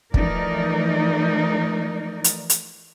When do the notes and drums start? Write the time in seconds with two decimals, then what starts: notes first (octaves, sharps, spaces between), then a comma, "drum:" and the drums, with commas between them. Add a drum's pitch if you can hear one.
0.14 E3 F3 A3 D#4 A#4 D5, drum: kick
2.24 drum: hi-hat
2.50 drum: hi-hat